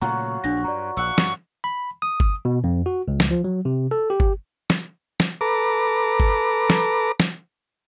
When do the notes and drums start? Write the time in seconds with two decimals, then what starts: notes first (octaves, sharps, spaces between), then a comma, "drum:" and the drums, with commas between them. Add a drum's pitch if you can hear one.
0.02 A#2 C#3 F#3 A3 F4 F#4 A#5
0.44 A#1 D4 A#6
0.64 G2 D5 A#5
0.97 A#1 E5 F#5 C#6
1.18 G2, drum: snare
1.64 B5
2.02 D#6
2.20 drum: kick G1
2.45 B2
2.64 F2
2.86 F#4
3.08 C#2
3.20 drum: snare
3.31 F3
3.44 F#3
3.65 C3
3.91 A4
4.10 G4
4.20 drum: kick G1
4.70 drum: snare
5.20 drum: snare
5.41 A4 B4 A#5 D6
6.20 drum: kick G1
6.70 drum: snare
7.20 drum: snare